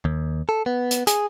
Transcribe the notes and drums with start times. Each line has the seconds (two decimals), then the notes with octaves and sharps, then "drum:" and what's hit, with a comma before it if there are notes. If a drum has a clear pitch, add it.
0.05 D#2
0.49 A4
0.66 B3
0.91 drum: hi-hat
1.07 G#4, drum: hi-hat